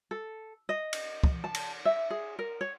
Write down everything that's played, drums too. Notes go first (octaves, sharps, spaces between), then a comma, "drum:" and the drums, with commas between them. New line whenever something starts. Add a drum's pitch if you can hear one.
A4
D#5
drum: cymbal
drum: kick
A5
drum: cymbal
E5
G#4
A#4
C#5